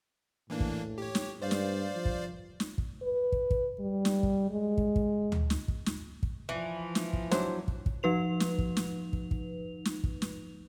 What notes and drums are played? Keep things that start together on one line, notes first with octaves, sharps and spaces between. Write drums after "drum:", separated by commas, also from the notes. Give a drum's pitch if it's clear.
A2 E3 A#3 D4
drum: kick
G4 C#5
drum: snare
G2 C5 D5 F5
drum: snare
F3
drum: kick
drum: snare
drum: kick
B4
drum: kick
drum: kick
G3
drum: snare
drum: kick
G#3
drum: kick
drum: kick
drum: tom D2
drum: snare
drum: kick
drum: snare
drum: kick
E3 F3
drum: snare
drum: kick
F#3 D4 E4 C5, drum: snare
drum: kick
drum: kick
F3 D#4 B4 F7
drum: snare
drum: kick
drum: snare
drum: kick
drum: kick
drum: snare
drum: kick
drum: snare